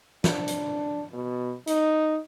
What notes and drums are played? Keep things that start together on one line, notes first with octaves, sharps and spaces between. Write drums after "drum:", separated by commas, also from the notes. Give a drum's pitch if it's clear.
D4, drum: snare
drum: hi-hat
B2
D#4, drum: hi-hat